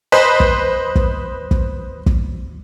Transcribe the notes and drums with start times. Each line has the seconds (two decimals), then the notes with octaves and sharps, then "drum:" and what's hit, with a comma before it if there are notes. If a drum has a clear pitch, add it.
0.12 B4 C5 D#5
0.40 drum: kick
0.95 drum: kick
1.51 drum: kick
2.06 drum: kick